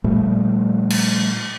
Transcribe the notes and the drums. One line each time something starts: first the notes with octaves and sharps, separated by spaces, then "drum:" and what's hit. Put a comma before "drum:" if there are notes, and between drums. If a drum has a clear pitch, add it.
A#2 F3 G3 A3
drum: cymbal